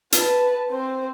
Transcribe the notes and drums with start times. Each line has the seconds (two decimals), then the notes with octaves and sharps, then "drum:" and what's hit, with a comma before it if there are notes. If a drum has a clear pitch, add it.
0.12 B4 A5, drum: hi-hat
0.69 C4 C5